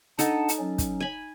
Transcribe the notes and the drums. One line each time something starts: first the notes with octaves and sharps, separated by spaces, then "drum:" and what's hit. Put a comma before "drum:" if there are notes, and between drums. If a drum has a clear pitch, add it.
D4 D#4 A4 F#5 A5, drum: hi-hat
drum: hi-hat
F#3 C#4
drum: kick, hi-hat
G#5 B5